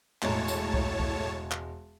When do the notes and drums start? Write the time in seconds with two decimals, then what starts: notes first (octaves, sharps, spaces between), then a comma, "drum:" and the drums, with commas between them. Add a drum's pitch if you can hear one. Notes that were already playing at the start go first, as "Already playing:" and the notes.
0.22 E1 A2 G#3 C#5 A5 A#5, drum: clap
0.48 drum: tambourine
0.74 drum: kick C2
1.00 drum: kick C2
1.51 drum: clap